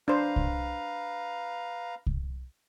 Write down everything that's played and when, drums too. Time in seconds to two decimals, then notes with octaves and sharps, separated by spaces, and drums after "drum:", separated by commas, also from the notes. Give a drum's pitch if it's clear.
0.08 D4 B4 C5 F5 A#5
0.36 drum: kick C2
2.06 drum: kick C2